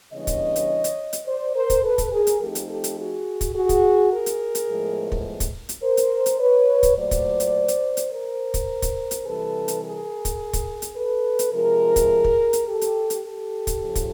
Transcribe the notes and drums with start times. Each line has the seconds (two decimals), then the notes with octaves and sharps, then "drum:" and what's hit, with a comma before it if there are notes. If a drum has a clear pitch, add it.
0.12 C#3 E3 G3 B3 D4 C#5 D#5
0.27 drum: kick, hi-hat
0.56 drum: hi-hat
0.84 drum: hi-hat
1.13 drum: hi-hat
1.26 C5 D5
1.55 A#4 C5
1.70 drum: kick, hi-hat
1.83 A4 B4
1.98 drum: kick, hi-hat
2.12 G#4 A#4
2.27 drum: hi-hat
2.40 F3 A3 C4 D#4 G4 A4
2.55 drum: hi-hat
2.69 G4 A4
2.84 drum: hi-hat
2.98 F#4 G#4
3.41 drum: kick, hi-hat
3.55 F#4 G#4
3.69 drum: kick, hi-hat
4.12 G#4 A#4
4.26 drum: hi-hat
4.55 drum: hi-hat
4.70 A2 F3 G#3 B3
5.12 drum: kick
5.40 drum: kick, hi-hat
5.69 drum: hi-hat
5.83 A#4 C5
5.97 drum: hi-hat
6.26 drum: hi-hat
6.40 B4 C#5
6.83 drum: kick, hi-hat
6.97 A#2 F#3 A3 C5 D5
7.11 drum: kick, hi-hat
7.40 drum: hi-hat
7.68 drum: hi-hat
7.97 drum: hi-hat
8.11 A#4 C5
8.54 drum: kick, hi-hat
8.82 drum: kick, hi-hat
9.11 drum: hi-hat
9.25 C3 E3 G3 A4 B4
9.68 drum: hi-hat
9.82 G#4 A#4
10.25 drum: kick, hi-hat
10.53 drum: kick, hi-hat
10.82 drum: hi-hat
10.96 A4 B4
11.39 drum: hi-hat
11.53 C3 F3 G#3 G#4 A#4
11.96 drum: kick, hi-hat
12.24 drum: kick
12.53 drum: hi-hat
12.68 G4 A4
12.81 drum: hi-hat
13.10 drum: hi-hat
13.24 G4 A4
13.67 drum: kick, hi-hat
13.82 C#3 F3
13.95 drum: kick, hi-hat